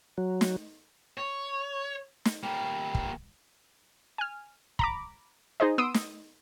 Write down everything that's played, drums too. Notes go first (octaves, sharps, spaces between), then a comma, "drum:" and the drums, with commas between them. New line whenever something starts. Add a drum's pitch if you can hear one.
F#3
drum: snare
C#5
drum: snare
G3 A#3
drum: kick
G#5 F6
A#5 B5 D6, drum: kick
D#4 G#4 C5 D#5
B3 C6 D#6 E6 D7 D#7
drum: snare